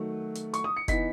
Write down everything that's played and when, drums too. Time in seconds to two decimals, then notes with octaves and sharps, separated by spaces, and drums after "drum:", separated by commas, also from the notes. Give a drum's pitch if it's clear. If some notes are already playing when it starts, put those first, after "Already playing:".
Already playing: D#3 F#3 A3
0.35 drum: hi-hat
0.54 C#6, drum: hi-hat
0.64 D#6
0.77 C#7
0.88 E3 B3 D#4 B6, drum: kick F1, hi-hat